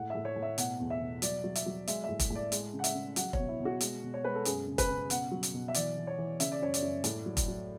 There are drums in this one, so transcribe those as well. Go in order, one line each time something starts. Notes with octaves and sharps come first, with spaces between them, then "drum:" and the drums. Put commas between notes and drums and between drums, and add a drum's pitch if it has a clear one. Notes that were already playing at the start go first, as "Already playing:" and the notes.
Already playing: A2 F#5
A2 E5
C#5
A2
E5
B2 F#5, drum: hi-hat
E2
E5
B2
F#3 D5, drum: hi-hat
F#3
E5, drum: hi-hat
F#3
G#3 E5, drum: hi-hat
A2 E5
drum: kick F1, hi-hat
A2
D5
G#3, drum: hi-hat
C#3
F#5
E5, drum: hi-hat
C#3
F#3 F#5, drum: hi-hat
C#5, drum: kick F1
B2
E4
B2
F#4
G#3, drum: hi-hat
B2
C#5
G#3 B4
A4
F#2 G#4, drum: hi-hat
C#3
B4, drum: kick F1, hi-hat
C#3
B2 F#5, drum: hi-hat
F#3
drum: hi-hat
B2
E5
E3 D5, drum: hi-hat
E3
C#5
E3
C#3 E5, drum: hi-hat
D5
F#2 C#5
D5, drum: hi-hat
F#2
A2, drum: hi-hat
F#3
drum: kick F1, hi-hat
F#3